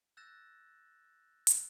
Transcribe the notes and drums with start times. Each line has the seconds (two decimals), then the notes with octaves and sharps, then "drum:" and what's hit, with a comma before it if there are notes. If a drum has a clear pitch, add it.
0.17 E6 F#6 G6 A6 A#6 E7
1.47 drum: hi-hat